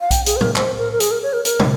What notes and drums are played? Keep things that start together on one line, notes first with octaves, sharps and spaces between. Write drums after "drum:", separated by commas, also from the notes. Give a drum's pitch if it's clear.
F5
G5, drum: kick B1, hi-hat
G#4, drum: hi-hat
C5
A#4, drum: tom A2
C5, drum: clap
A#4
A#4
G#4, drum: hi-hat
A#4
C#5
A#4
A#4, drum: hi-hat
drum: tom